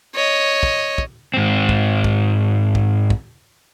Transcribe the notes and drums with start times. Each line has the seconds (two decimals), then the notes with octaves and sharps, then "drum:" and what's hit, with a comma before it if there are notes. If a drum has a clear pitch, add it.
0.15 C#5 D#5
0.63 drum: kick
0.98 drum: kick
1.34 G#2 C4
1.69 drum: kick
2.04 drum: kick
2.75 drum: kick
3.10 drum: kick